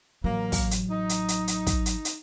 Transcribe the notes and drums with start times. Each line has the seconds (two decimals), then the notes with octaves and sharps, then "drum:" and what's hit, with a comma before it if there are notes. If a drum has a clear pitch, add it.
0.24 A1 F#3 A#3 A#4
0.52 drum: kick, open hi-hat
0.71 drum: hi-hat
0.90 D#4
1.09 drum: hi-hat
1.28 drum: hi-hat
1.48 drum: hi-hat
1.67 drum: kick, hi-hat
1.86 drum: hi-hat
2.05 drum: hi-hat